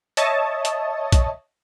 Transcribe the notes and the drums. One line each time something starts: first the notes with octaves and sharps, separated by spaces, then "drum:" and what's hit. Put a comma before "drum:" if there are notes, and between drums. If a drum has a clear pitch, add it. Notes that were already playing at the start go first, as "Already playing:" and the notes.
C#5 D#5 E5 A5 C#6 D#6, drum: hi-hat
drum: hi-hat
drum: kick, hi-hat